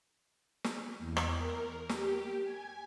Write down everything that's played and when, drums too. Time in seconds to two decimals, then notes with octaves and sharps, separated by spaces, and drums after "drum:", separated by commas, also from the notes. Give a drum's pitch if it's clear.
0.64 drum: snare
0.99 E2
1.17 drum: rim click
1.36 A#4
1.89 G4, drum: snare
2.42 G#5